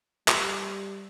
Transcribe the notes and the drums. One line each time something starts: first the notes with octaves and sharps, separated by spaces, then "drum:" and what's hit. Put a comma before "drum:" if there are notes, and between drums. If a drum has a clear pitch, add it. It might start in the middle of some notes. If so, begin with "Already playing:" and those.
G3, drum: clap